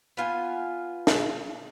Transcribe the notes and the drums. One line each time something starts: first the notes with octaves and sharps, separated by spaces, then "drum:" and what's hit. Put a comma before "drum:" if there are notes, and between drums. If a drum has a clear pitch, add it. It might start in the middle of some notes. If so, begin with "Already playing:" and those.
B3 F4 G#5
drum: snare